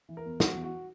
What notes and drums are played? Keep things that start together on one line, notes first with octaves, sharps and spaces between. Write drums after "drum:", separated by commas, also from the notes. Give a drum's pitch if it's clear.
E3
A#4
E2
E3 F#4, drum: snare
E2
F#4